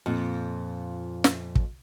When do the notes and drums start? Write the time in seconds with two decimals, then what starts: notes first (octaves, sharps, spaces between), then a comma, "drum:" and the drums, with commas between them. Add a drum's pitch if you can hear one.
0.06 F2 A#2
1.24 drum: snare
1.55 drum: kick